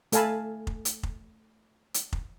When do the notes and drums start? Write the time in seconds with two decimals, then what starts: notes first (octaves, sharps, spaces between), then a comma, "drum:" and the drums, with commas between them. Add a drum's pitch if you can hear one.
0.12 A3 A4 F5 G#5 A5 B5, drum: hi-hat
0.67 drum: kick F1
0.85 drum: hi-hat
1.03 drum: kick F1
1.94 drum: hi-hat
2.13 drum: kick F1